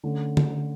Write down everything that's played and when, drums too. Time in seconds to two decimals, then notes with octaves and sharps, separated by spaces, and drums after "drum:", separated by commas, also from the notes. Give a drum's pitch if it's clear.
0.04 D3 A3 C#4
0.37 drum: tom D3